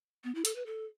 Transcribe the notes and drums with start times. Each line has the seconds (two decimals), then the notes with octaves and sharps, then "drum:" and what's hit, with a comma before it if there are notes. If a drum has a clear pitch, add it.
0.24 B3
0.35 E4
0.45 A4, drum: hi-hat
0.56 B4
0.66 A4